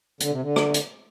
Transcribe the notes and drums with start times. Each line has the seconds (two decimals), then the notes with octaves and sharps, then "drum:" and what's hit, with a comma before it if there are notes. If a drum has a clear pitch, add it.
0.20 D3, drum: hi-hat
0.31 C3
0.41 D3
0.56 drum: rim click
0.74 drum: hi-hat